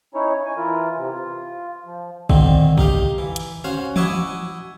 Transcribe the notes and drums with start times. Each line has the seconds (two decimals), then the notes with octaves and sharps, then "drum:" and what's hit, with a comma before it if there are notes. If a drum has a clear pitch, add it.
0.14 C#4 D#4 E4 C#5
0.45 G#5
0.57 E3 E4 F4 A#4
0.97 C3
1.13 F4
1.85 F3
2.30 A#2 D3 D#3 C4, drum: kick
2.78 D#4 G4 F5, drum: kick
3.18 E3
3.36 drum: hi-hat
3.64 C#4 F#4 C5 F5
3.96 E4 F#4 D#5 E5 G#5 D6, drum: tom E3